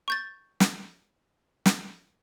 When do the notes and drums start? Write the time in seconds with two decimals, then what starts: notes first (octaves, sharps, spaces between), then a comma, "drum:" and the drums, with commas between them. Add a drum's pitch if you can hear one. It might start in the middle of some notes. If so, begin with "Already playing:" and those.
0.08 C#6 G6 A6
0.60 drum: snare
1.66 drum: snare